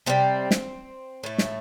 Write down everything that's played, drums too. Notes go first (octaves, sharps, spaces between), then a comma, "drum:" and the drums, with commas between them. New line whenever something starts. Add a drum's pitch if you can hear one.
C3 G3 A3 C4
drum: snare
A2 A3
drum: snare